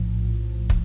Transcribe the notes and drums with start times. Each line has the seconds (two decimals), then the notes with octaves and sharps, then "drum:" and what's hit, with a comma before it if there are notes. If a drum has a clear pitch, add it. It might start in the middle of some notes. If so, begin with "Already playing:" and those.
Already playing: A#1 A2 F3
0.70 drum: kick